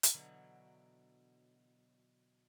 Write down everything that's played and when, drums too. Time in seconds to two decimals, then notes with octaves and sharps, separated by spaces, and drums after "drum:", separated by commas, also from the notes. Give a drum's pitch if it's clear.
0.03 drum: hi-hat
0.14 B2 D3 E3 F#3